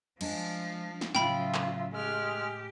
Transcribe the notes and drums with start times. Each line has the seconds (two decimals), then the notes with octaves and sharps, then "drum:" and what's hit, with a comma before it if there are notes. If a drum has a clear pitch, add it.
0.21 F3 G#3 D4 A5, drum: cymbal
1.01 drum: snare
1.15 A2 C#3 F#3 F4 E5 G5 B5, drum: snare
1.55 drum: clap
1.93 G#3 G4 F6